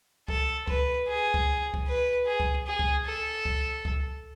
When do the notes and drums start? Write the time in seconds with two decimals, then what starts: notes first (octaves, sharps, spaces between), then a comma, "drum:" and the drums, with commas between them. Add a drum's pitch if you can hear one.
0.28 A4, drum: kick C#2
0.68 B4, drum: kick C#2
1.08 G#4
1.34 drum: kick C#2
1.74 drum: kick C#2
1.87 B4
2.27 G#4
2.40 drum: kick C#2
2.66 G#4
2.79 drum: kick C#2
3.06 A4
3.45 drum: kick C#2
3.85 drum: kick C#2